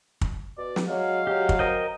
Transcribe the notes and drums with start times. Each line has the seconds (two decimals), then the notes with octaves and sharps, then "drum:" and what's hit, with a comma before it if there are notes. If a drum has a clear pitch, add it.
0.21 drum: kick
0.58 B2 D5
0.76 drum: snare
0.89 F#3 G#3 F5
1.27 F#3 G4
1.49 drum: kick
1.59 C4 A#4 D#5 G5